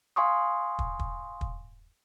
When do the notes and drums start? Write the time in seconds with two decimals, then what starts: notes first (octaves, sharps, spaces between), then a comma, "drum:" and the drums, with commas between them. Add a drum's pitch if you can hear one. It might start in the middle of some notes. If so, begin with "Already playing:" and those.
0.16 F5 G#5 C6 C#6 D#6
0.79 drum: kick
0.99 drum: kick
1.41 drum: kick